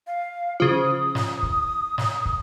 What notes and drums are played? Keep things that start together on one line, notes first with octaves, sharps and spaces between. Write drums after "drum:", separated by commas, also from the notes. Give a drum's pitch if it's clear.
F5
C#3 F3 D#6
drum: snare
drum: kick
drum: snare
drum: kick